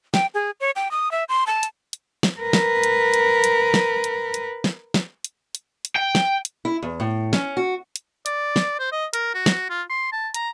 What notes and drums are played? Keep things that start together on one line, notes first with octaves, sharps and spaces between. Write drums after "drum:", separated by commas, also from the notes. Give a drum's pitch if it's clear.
G5, drum: snare
G#4
C#5
G5
D#6
E5
C6
A5
drum: hi-hat
drum: hi-hat
drum: snare
A#4 B4
drum: snare
drum: hi-hat
drum: hi-hat
drum: hi-hat
drum: snare
drum: hi-hat
drum: hi-hat
drum: snare
drum: snare
drum: hi-hat
drum: hi-hat
drum: hi-hat
G5
drum: snare
drum: hi-hat
E4
E2
A2
C#4, drum: snare
F#4
drum: hi-hat
D5, drum: hi-hat
drum: snare
C5
D#5
A#4, drum: hi-hat
F#4
drum: snare
F4
C6
A5
A#5, drum: hi-hat